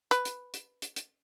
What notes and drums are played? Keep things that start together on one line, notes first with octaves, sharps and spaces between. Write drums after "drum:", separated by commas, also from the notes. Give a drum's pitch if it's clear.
B4, drum: hi-hat
drum: hi-hat
drum: hi-hat
drum: hi-hat
drum: hi-hat